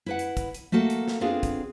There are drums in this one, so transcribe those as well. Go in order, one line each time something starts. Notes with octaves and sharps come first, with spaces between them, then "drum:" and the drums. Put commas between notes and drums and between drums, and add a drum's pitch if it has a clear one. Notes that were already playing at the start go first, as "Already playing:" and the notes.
E4 B4 F#5
drum: hi-hat
drum: kick, hi-hat
drum: hi-hat
A3 A#3 F#4 A4 A#4
drum: hi-hat
drum: snare
B3 C4 D4 F4 G#4 A4
drum: kick, hi-hat